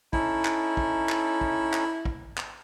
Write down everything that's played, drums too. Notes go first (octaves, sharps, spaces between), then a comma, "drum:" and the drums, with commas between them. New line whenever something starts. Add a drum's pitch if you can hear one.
C#4 D#4 E4 A4, drum: kick
drum: clap
drum: kick
drum: clap
drum: kick
drum: clap
drum: kick
drum: clap